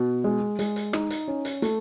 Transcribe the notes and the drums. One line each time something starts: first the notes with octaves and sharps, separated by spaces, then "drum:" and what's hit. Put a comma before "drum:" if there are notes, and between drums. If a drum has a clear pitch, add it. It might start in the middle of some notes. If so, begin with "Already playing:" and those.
Already playing: B2
G#3
G#3, drum: hi-hat
drum: hi-hat
D#4, drum: rim click
drum: hi-hat
C#4
drum: hi-hat
A3, drum: hi-hat